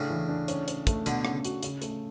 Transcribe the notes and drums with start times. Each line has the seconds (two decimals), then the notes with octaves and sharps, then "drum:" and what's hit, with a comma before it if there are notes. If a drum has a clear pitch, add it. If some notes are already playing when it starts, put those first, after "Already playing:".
Already playing: A2 C#3 D4
0.10 E3
0.28 D4
0.48 C#4, drum: hi-hat
0.68 C#4, drum: hi-hat
0.87 A3, drum: kick, hi-hat
1.06 B2 D3 D4, drum: hi-hat
1.25 C#3, drum: rim click
1.45 F#4, drum: hi-hat
1.63 C#3, drum: hi-hat
1.82 A3, drum: hi-hat